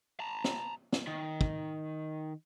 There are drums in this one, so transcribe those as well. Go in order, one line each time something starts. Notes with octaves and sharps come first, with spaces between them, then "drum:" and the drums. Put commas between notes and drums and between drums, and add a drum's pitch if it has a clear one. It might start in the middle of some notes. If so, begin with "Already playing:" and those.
A5 A#5
drum: snare
drum: snare
D#3
drum: kick